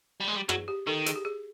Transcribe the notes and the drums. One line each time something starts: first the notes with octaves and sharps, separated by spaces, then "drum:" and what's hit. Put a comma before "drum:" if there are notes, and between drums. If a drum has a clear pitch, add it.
G3
G#3
G3
F#3 G#4, drum: rim click
G4
D#3 A4
G#4, drum: hi-hat
G4
G#4